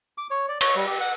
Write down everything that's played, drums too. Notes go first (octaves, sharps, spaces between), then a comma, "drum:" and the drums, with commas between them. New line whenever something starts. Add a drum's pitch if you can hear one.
D6
C#5
D5
C#5, drum: cymbal
G3
G4
F#5